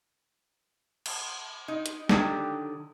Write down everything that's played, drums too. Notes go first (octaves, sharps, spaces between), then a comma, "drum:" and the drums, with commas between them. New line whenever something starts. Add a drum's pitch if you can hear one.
drum: cymbal
D#4
drum: hi-hat
D3 D#3 F#3 G4, drum: snare